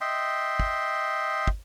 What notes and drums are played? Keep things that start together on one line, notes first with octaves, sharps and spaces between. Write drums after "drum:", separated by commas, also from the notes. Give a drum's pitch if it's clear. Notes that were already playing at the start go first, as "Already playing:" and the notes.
D#5 E5 G5 C6
drum: kick
drum: kick